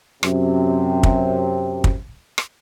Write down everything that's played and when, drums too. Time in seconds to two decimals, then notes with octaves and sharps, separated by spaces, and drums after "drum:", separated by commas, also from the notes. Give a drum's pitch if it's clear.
0.23 F#2 C3, drum: rim click
1.03 drum: kick
1.84 drum: kick
2.38 drum: rim click